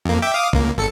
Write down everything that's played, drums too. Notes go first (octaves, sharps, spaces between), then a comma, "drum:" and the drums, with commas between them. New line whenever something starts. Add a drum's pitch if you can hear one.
F2 A#3
E5 G5 D6
F5 D6 D#6
C#2 A#3, drum: kick B1
G#1 A4 C#7